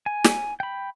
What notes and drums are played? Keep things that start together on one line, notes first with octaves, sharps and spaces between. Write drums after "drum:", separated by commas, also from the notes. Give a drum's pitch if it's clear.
G#5
drum: snare
G5 B5